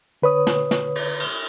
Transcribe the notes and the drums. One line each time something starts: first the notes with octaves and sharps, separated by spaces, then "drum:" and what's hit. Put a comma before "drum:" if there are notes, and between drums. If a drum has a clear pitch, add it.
D3 B4 C#5 D#6
drum: snare
drum: snare
drum: cymbal
drum: cymbal